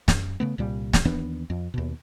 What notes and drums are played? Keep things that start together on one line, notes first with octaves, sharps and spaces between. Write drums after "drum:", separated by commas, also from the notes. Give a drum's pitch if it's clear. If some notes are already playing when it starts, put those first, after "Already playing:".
F#2, drum: snare
C#3 A3 B3
C2 A#2 G3
drum: snare
D#2 E3 B3 D4
F2
D#2 B2